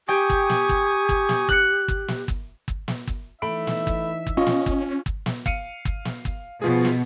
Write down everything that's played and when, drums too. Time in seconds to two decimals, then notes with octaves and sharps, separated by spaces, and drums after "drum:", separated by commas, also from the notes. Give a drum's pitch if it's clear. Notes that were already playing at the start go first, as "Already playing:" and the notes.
0.08 G4 G5 G#5 C#6 D#6
0.30 drum: kick
0.50 drum: snare
0.69 drum: kick
1.09 drum: kick
1.29 drum: snare
1.49 F#6 C#7, drum: kick
1.88 drum: kick
2.08 drum: snare
2.28 drum: kick
2.68 drum: kick
2.88 drum: snare
3.08 drum: kick
3.42 E3 A3 D#4 E5 B5 D7
3.67 drum: snare
3.87 drum: kick
4.27 drum: kick
4.37 C#4 F4 D#5 C#6
4.47 drum: snare
4.66 drum: kick
5.06 drum: kick
5.26 drum: snare
5.46 F5 C#7 D#7, drum: kick
5.85 drum: kick
6.05 drum: snare
6.25 drum: kick
6.62 B2 F3 F4 G#4
6.85 drum: snare